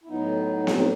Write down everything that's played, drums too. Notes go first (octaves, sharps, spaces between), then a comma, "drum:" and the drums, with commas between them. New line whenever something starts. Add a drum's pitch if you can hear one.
E4
A2 F#3 B3 D#4
B3
C4, drum: snare B3
D#4